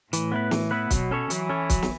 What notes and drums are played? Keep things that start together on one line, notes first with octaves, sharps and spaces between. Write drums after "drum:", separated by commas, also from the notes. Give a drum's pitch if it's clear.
A2 E3, drum: hi-hat
B3 E4 B4
E3, drum: snare
B3 E4 B4
B2 F#3, drum: kick, hi-hat
C#4 A4 C#5
E3 F#3, drum: hi-hat
C#4 A4 C#5
F#3, drum: kick, hi-hat
drum: snare